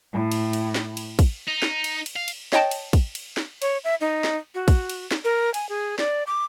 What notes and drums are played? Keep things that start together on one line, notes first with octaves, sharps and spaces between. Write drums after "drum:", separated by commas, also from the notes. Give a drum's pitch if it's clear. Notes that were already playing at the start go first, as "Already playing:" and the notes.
A2
drum: cymbal
drum: cymbal
drum: snare
drum: cymbal
drum: kick, cymbal
D#4
drum: snare
drum: cymbal
drum: cymbal
F5
drum: cymbal
C#5 D#5 G5 A5, drum: snare
drum: cymbal
drum: kick, cymbal
drum: cymbal
drum: snare
C#5, drum: cymbal
E5
D#4
drum: snare
F#4
drum: kick, cymbal
drum: cymbal
drum: snare
A#4
G#5, drum: cymbal
G#4
D5, drum: snare
D6